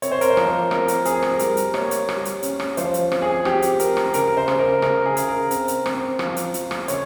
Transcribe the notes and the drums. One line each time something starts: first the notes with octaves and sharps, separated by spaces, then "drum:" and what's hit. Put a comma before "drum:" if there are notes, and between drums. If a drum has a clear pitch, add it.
C4 C#5, drum: hi-hat
C5
A#4, drum: hi-hat
C5
F3, drum: rim click
C4 A#4, drum: rim click
drum: hi-hat
C4 G#4, drum: hi-hat
drum: rim click
G3 A#4, drum: hi-hat
drum: hi-hat
A#3 C#5, drum: rim click
drum: hi-hat
G3, drum: rim click
drum: hi-hat
C#4, drum: hi-hat
drum: rim click
F3 C5, drum: hi-hat
drum: hi-hat
C4, drum: rim click
G#4
C4 G4, drum: rim click
drum: hi-hat
C4 A#4, drum: hi-hat
drum: rim click
C#3 A#4, drum: hi-hat
C5
C#3, drum: rim click
A#4
C#3 A#4, drum: rim click
G#4
C#3, drum: hi-hat
A#4
C4, drum: hi-hat
drum: hi-hat
C4, drum: rim click
F3, drum: rim click
drum: hi-hat
F3, drum: hi-hat
drum: rim click
C#3 C#5, drum: hi-hat